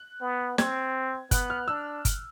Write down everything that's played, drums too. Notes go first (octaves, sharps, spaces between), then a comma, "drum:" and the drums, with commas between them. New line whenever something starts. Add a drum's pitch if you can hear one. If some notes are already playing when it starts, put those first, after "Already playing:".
Already playing: F#6
B3
C4 G#6, drum: snare
B3 F#6, drum: kick G1, hi-hat
F6
D4 E6
drum: kick G1, hi-hat